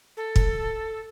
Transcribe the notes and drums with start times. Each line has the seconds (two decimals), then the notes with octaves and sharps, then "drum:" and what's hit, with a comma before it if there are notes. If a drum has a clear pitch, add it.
0.17 A4
0.36 drum: kick